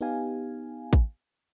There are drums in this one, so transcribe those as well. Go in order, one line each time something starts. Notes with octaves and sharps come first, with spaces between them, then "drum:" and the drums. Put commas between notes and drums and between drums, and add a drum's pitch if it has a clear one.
B3 D#4 G4 F5 G#5
drum: kick